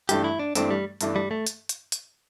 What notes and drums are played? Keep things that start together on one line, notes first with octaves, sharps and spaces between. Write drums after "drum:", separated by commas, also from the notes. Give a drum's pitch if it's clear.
G2 E3 A3 D4 G4, drum: hi-hat
E4
D4
G2 E3 A3 C4 D4, drum: hi-hat
G3
G2 E3 A3 D4, drum: hi-hat
G3
A3
drum: hi-hat
drum: hi-hat
drum: hi-hat